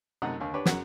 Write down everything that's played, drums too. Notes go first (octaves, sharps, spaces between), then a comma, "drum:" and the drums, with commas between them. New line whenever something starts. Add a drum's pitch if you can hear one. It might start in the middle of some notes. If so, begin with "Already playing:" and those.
F#2 C3 A3 D#4 F#5 A#5
D#2 D3 F5
D4 G4 B4 C#5
F#2 C#3 F#4 F#5 A#5, drum: snare